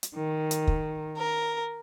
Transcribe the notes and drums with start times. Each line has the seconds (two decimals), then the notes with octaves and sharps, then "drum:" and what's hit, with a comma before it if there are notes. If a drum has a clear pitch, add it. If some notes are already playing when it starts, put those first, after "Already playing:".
0.03 drum: hi-hat
0.15 D#3
0.51 drum: hi-hat
0.67 drum: kick
1.17 A#4